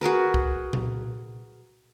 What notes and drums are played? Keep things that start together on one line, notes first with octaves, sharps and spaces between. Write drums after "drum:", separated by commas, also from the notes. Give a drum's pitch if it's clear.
F#4 G#4 A#4 B4
drum: kick C2
drum: tom A#2